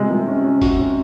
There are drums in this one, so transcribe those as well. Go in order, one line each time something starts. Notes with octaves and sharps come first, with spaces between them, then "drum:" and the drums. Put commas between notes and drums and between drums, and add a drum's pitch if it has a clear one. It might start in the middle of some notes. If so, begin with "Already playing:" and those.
Already playing: C3 G#3
G#3
C#4
C#4
F#4, drum: kick, open hi-hat
C#4